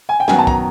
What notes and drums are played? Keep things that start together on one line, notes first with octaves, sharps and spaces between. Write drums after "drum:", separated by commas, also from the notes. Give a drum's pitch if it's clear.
G#5
G5
F#2 D#3 F#3 B3 G#5, drum: snare
A5
A#5, drum: kick